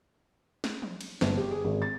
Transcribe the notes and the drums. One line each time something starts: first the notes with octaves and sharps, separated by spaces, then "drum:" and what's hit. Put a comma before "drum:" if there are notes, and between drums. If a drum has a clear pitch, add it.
drum: snare
drum: tom
drum: cymbal
G1, drum: snare
G4
G#4
G#1
A6